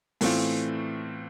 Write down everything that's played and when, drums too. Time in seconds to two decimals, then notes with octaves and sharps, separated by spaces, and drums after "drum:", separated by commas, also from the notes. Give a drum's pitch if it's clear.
0.21 A2 E3 A3 C4 F4, drum: open hi-hat